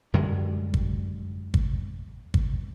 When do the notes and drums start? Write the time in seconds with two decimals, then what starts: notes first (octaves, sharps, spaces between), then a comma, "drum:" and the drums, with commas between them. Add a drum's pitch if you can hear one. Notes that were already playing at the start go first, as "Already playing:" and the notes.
0.14 F#2 D3 G3 G#3
0.74 drum: kick
1.54 drum: kick
2.34 drum: kick